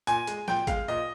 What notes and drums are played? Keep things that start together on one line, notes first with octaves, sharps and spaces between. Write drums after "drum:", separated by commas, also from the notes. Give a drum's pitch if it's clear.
A#2 G#5, drum: hi-hat
G#3, drum: hi-hat
A#2 G5, drum: snare
G#3 F5, drum: kick G#1, hi-hat
A#2 D#5